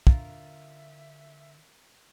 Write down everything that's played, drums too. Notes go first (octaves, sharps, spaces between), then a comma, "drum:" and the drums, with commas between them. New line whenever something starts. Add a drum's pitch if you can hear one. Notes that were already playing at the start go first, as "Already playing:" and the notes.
D3 F4 A#4 E5, drum: kick